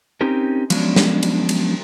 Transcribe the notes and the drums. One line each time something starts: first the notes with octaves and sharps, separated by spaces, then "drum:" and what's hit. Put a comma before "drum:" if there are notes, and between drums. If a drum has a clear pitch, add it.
C4 C#4 D#4 G4 A#4
F3 F#3 G#3 B3 C#4 D4, drum: cymbal
drum: snare
drum: cymbal
drum: cymbal